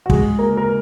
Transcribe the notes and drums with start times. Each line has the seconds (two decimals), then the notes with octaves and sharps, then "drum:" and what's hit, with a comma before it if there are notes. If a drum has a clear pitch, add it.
0.06 F#4
0.10 G#3 G#4, drum: kick
0.39 A#3 A#4
0.57 A#4